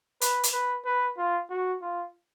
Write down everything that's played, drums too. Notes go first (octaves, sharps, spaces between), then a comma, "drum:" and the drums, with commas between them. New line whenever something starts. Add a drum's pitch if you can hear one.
B4, drum: hi-hat
drum: hi-hat
B4
B4
F4
F#4
F4